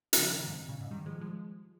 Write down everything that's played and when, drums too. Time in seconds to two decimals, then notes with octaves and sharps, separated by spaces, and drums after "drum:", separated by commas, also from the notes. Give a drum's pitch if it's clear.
0.13 G3, drum: hi-hat
0.18 C#3 F3
0.32 C3 D#3
0.41 C#3
0.47 G#2 C3
0.68 A#2 C#3
0.80 G#2
0.91 D#3 G3
1.06 F3 G#3
1.21 F3 G#3